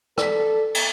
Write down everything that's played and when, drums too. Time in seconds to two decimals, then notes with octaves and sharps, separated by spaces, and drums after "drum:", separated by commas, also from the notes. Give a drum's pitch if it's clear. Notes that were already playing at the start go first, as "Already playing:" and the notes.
0.18 A4 D5 B6, drum: rim click
0.75 drum: cymbal